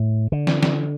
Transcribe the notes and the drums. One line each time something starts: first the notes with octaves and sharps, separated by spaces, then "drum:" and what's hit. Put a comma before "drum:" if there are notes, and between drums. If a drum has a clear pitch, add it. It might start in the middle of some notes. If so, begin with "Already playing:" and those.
Already playing: A2
D3
drum: snare
drum: snare